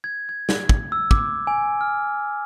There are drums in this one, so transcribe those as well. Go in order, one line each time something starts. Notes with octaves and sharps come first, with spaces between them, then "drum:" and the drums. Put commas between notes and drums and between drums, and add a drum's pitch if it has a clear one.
G#6
G#6
drum: snare
drum: kick
E6
D6, drum: kick
G#5
F6